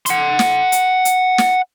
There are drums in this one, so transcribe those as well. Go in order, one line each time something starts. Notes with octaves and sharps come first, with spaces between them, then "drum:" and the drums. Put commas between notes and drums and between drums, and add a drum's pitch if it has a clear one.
F#5 C6, drum: hi-hat
drum: snare
drum: hi-hat
drum: hi-hat
drum: snare